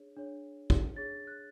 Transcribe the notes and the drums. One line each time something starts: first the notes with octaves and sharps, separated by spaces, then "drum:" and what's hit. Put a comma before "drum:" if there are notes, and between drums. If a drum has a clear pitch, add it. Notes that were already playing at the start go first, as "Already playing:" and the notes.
Already playing: D4 G#4 C#5
D4 G#4 C#5
drum: kick
D4 G#4 C#5 A6
F#6